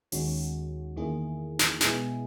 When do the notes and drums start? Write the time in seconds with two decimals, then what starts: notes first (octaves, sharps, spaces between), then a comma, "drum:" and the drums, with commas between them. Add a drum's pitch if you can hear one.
0.12 D#2 D#3 G#3 C#4 F#4, drum: open hi-hat
0.96 E2 D#3 A#3 E4 G#4
1.59 drum: snare
1.81 B2 G#3 B3 E4 G#4, drum: snare